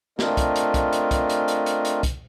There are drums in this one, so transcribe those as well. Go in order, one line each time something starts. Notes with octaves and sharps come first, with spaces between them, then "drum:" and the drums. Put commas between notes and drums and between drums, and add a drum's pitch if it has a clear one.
A3 C4 D4 F4 A#4 D#5, drum: snare
drum: kick, hi-hat
drum: hi-hat
drum: kick, hi-hat
drum: hi-hat
drum: kick, hi-hat
drum: hi-hat
drum: hi-hat
drum: hi-hat
drum: hi-hat
drum: kick, hi-hat